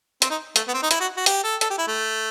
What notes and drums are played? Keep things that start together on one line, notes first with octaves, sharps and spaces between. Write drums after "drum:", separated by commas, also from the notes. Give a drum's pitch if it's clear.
C4, drum: hi-hat
D#4
A3, drum: hi-hat
B3
C4
D#4
E4, drum: hi-hat
F#4
F#4
G4, drum: hi-hat
A4
A4, drum: hi-hat
G4
E4
A3